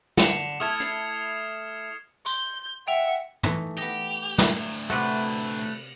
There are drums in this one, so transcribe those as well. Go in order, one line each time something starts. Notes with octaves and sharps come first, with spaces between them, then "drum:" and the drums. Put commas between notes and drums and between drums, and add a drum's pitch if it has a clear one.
D3 C#7 E7 F7, drum: snare
A3 E4 A5 D#6 F6 G#6
C7, drum: hi-hat
C6 G6, drum: tambourine
E5 F#5 G5 F7
E3 A3 D#4, drum: tom
B3 G4 D#5
D2 A2, drum: snare
C3 A3 C4 F#4 B4
drum: open hi-hat